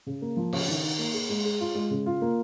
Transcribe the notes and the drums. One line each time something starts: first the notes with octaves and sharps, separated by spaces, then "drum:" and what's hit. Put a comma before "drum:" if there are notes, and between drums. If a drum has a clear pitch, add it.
C#3
A#3
F3
C#3, drum: cymbal
D#3
D#4
A#3
G#4
G#3
G#4
F4
G#3
C#3
F4
A#3